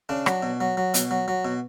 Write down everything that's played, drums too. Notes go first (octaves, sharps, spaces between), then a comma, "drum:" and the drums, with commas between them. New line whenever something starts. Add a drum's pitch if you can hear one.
C#3 D4
F#3, drum: rim click
B2
F#3
F#3
B2, drum: hi-hat
F#3
F#3
B2